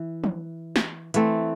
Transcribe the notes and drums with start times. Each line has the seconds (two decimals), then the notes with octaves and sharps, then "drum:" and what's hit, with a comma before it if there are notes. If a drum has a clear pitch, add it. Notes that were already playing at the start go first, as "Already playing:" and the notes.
Already playing: E3
0.24 drum: tom
0.76 drum: snare
1.14 E3 A3 C4, drum: hi-hat